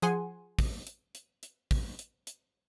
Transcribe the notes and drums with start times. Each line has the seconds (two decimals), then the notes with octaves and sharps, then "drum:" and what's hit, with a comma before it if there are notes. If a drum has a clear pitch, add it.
0.02 F3 G#4 F#5 G#5 C6, drum: hi-hat
0.59 drum: kick, open hi-hat
0.87 drum: hi-hat
1.15 drum: hi-hat
1.43 drum: hi-hat
1.71 drum: kick, open hi-hat
1.99 drum: hi-hat
2.27 drum: hi-hat